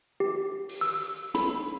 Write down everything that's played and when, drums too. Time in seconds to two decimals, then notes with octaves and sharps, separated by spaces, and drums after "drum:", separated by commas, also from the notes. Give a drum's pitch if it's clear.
0.20 G4
0.69 drum: open hi-hat
0.81 E6
1.35 B5, drum: hi-hat